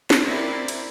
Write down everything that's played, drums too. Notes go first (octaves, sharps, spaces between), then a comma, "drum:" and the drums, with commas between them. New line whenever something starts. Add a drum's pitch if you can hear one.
drum: snare
C4 E4 A#4 D5
drum: cymbal